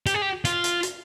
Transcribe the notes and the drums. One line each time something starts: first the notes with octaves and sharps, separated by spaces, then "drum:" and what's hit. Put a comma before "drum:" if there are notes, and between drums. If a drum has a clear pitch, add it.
G4, drum: hi-hat
G#4
G4
F4, drum: hi-hat
drum: hi-hat
drum: hi-hat